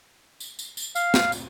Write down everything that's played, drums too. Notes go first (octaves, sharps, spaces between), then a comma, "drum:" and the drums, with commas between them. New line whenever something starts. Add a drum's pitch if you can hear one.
drum: tambourine
drum: tambourine
drum: tambourine
F5, drum: tambourine
drum: snare
drum: tambourine